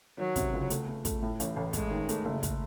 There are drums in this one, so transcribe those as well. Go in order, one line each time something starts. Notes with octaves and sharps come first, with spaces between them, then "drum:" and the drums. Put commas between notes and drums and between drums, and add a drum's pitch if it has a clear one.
D#3 F#3
C3, drum: kick, hi-hat
C#2
A3, drum: hi-hat
A3
A3, drum: kick, hi-hat
A2
A1, drum: hi-hat
A1
G#3 A3, drum: kick, hi-hat
D#3
A3, drum: hi-hat
F#1
drum: kick, hi-hat